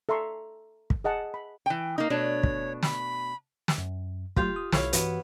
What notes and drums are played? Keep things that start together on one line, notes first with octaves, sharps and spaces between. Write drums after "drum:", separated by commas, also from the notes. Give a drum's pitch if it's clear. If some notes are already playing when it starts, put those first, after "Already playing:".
A4 E5 A#5 C6 C#6
drum: kick
G#4 D#5 F#5 A5
B5
E3 G5
A#3 D#4
B2 A3 D4 C#5
drum: kick
B5, drum: snare
drum: snare
F#2
F#3 A3 F4 G4 F5, drum: kick
D#6
B1 E4 C#5 F5, drum: snare
G2 E3 B3 F#4, drum: hi-hat